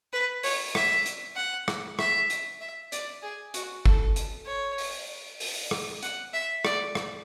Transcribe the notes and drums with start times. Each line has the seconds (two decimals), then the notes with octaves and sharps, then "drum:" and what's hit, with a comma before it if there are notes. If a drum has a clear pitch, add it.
0.13 B4
0.43 C#5, drum: open hi-hat
0.75 E5, drum: rim click
1.06 drum: hi-hat
1.36 F#5
1.68 drum: rim click
1.99 E5, drum: rim click
2.30 drum: hi-hat
2.61 E5
2.92 D5, drum: hi-hat
3.23 G#4
3.54 F#4, drum: hi-hat
3.86 A4, drum: kick G1
4.16 drum: hi-hat
4.47 C#5
4.78 drum: open hi-hat
5.40 drum: open hi-hat
5.71 drum: rim click
6.03 F#5, drum: hi-hat
6.33 E5
6.65 D5, drum: rim click
6.95 drum: rim click